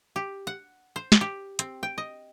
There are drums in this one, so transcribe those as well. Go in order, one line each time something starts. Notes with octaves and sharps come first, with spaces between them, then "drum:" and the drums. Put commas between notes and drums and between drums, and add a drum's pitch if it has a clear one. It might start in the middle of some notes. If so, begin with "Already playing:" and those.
G4
F#5
C5
drum: snare
G4
C4, drum: hi-hat
G5
D#5